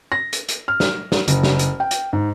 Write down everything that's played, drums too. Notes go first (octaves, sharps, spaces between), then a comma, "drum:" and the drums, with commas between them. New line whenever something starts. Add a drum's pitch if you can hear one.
A#6
drum: hi-hat
drum: hi-hat
F6
drum: snare
drum: snare
F#1, drum: hi-hat
drum: snare
drum: hi-hat
G5
drum: hi-hat
G#2